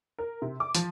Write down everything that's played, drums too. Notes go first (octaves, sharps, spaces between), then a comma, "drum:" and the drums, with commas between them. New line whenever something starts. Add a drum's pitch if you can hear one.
A#4
C3
D6
F3, drum: hi-hat